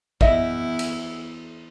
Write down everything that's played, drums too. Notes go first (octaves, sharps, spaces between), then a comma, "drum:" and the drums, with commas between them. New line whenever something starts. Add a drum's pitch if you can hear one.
E2 E4 D#5 E5, drum: kick A1
drum: cymbal